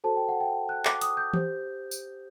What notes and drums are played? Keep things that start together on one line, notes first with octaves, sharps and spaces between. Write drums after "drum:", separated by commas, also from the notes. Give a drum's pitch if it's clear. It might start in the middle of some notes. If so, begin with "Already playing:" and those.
F#4 A4 C5 A5
G5
F#5
G5
F#6
D6, drum: clap
D#6, drum: hi-hat
G6
G4 C5, drum: tom E3
drum: tambourine